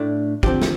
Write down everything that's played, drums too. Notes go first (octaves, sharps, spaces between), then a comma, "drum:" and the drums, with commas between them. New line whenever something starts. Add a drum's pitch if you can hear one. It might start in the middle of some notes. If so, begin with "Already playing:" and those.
Already playing: A2 A3 D4
D3 F3 C4 G4, drum: kick
drum: snare